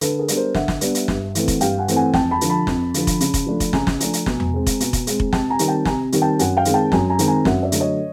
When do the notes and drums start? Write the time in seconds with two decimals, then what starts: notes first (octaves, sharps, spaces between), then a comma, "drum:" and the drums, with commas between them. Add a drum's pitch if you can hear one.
0.01 D3 A4 B4, drum: hi-hat
0.19 G#4 A#4
0.28 G3 B3 D4, drum: hi-hat
0.37 A#4 C5
0.55 D3 E5 F#5, drum: snare
0.68 drum: snare
0.81 G3 B3 D4, drum: hi-hat
0.95 drum: hi-hat
1.08 G2, drum: snare
1.35 E3 A3 C4, drum: hi-hat
1.48 drum: kick F1, hi-hat
1.61 G2 F5 G5, drum: hi-hat
1.78 F#5 G#5
1.88 E3 A3 C4, drum: hi-hat
1.96 F#5 G#5
2.14 F2 G5 A5, drum: snare
2.31 A5 B5
2.41 D3 F3, drum: hi-hat
2.50 A5 B5
2.67 F2, drum: snare
2.94 D3 F3, drum: hi-hat
3.07 drum: kick F1, hi-hat
3.20 C#3, drum: hi-hat
3.34 drum: kick F1, hi-hat
3.46 F3 A3 D4
3.60 drum: kick F1, hi-hat
3.73 C#3 G#5 A#5, drum: snare
3.87 drum: snare
4.00 F3 A3 D4, drum: hi-hat
4.13 drum: hi-hat
4.26 B2, drum: snare
4.40 drum: tom E2
4.54 G#3 C4
4.66 drum: kick F1, hi-hat
4.80 B2, drum: hi-hat
4.93 drum: kick F1, hi-hat
5.07 G#3 C4, drum: hi-hat
5.20 drum: kick F1
5.33 C3 G5 A5, drum: snare
5.50 G#5 A#5
5.59 D#3 G3 C4, drum: hi-hat
5.68 G5 A5
5.85 C3 G#5 A#5, drum: snare
6.12 D#3 G3 C4, drum: hi-hat
6.22 G5 A5
6.39 F#2 F#5 G#5, drum: hi-hat
6.57 F5 G5
6.65 D#3 G#3 C4, drum: hi-hat
6.74 G5 A5
6.92 F#2 G#5 A#5, drum: snare
7.10 G#5 A#5
7.19 D#3 G#3 C4, drum: hi-hat
7.28 G#5 A#5
7.45 F#2 E5 F#5, drum: snare
7.63 D5 E5
7.72 D3 F#3 A3, drum: hi-hat
7.80 C#5 D#5